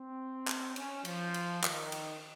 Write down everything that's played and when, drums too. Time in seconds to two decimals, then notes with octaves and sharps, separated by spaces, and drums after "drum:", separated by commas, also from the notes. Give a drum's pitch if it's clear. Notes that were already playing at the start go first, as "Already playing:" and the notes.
Already playing: C4
0.47 drum: clap
0.76 C#4, drum: cymbal
1.05 F3, drum: cymbal
1.34 drum: cymbal
1.64 D#3, drum: clap
1.92 drum: cymbal